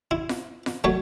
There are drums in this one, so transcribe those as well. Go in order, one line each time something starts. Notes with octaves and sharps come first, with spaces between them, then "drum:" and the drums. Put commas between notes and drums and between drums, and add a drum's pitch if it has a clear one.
E4
drum: snare F4
drum: snare F4
F#3 A3 C#5